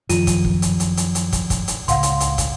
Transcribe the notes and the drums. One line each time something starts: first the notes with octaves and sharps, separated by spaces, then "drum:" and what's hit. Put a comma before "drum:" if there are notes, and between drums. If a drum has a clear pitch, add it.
F#2 D#3 F3 F4 D#7, drum: hi-hat
drum: kick, hi-hat
drum: kick
drum: hi-hat
drum: hi-hat
drum: hi-hat
drum: hi-hat
drum: kick, hi-hat
drum: kick, hi-hat
drum: hi-hat
C#2 A2 C#3 F5 F#5 C6, drum: hi-hat
drum: hi-hat
drum: hi-hat
drum: kick, hi-hat